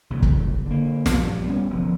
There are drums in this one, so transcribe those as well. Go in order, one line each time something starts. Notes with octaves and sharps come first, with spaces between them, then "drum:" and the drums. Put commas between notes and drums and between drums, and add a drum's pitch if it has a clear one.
C2 A#2 C#3
drum: kick
D3 A#3
A#1 G2, drum: snare
G3 B3 C#4
E1 D2 F3 B3